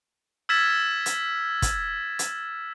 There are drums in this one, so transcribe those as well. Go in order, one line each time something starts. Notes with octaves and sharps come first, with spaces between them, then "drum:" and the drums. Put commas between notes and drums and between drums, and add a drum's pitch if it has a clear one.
E6 F6 G#6 A6 B6 E7
drum: hi-hat
drum: kick, hi-hat
drum: hi-hat